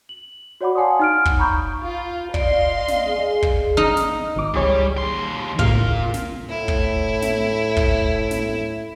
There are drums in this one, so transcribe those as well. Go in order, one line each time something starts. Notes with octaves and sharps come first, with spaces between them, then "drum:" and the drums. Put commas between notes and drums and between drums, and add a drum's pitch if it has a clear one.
F#7
F#4 C#5 D5 F#5 B5 D6
F5 F#5 G#5 A5 C6 D#6
D#4 F6 D7
drum: kick
A#5 B5 C#6 D#6 G6
F4
D5 D#5 F5 C6, drum: kick
drum: snare
G#4
drum: kick
D#4 F6
drum: snare
G#1 D6
C#2 G3 G#4 C#5
D#2 C6
D#2 A2 C#3 F4 A#4 F5, drum: kick
drum: snare
A2 E4
drum: kick
drum: snare
drum: kick
drum: snare